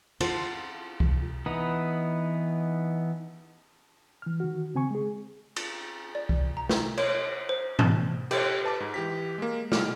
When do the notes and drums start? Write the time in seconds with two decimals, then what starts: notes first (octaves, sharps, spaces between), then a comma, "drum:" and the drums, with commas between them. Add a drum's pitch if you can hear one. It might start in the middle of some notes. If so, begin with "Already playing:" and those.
0.21 E4 F4 A4 C5 F#5 A5, drum: cymbal
1.00 drum: kick C2
1.46 E3 B3 D#4 B4
4.22 E3 F6
4.40 D#3 F#4
4.75 C#3 C4 G#5 C#6
4.90 G#3 G#4
5.56 drum: cymbal
6.15 D5
6.29 drum: kick C2
6.57 A#5
6.69 drum: snare
6.98 C#5, drum: cymbal
7.49 C5
7.79 A5, drum: tom G#2
8.31 G4 A4 C#5, drum: cymbal
8.64 B4 A5 D6
8.80 G#2
8.94 E3 G4 B6
9.38 G#3 A#3
9.72 B2 G3 G#3 D6 F6, drum: snare